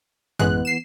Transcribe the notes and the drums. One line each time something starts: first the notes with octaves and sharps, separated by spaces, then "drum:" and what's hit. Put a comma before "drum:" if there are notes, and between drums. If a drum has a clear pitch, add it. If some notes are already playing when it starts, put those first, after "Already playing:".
A1 E3 G#3 B3 F#6, drum: tom F#2
C7 E7